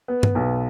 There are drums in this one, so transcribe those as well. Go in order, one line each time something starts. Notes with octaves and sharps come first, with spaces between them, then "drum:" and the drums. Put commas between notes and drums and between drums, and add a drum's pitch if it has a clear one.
B3
drum: tom G2
B1